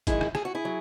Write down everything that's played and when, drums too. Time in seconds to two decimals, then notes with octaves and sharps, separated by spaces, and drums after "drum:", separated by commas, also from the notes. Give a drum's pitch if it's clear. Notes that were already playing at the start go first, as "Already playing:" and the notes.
0.07 F#2 D#3 G#3 E4 G#4, drum: kick, hi-hat
0.21 drum: rim click
0.35 G#4, drum: rim click
0.45 F#4
0.55 E4 G#4
0.65 F#3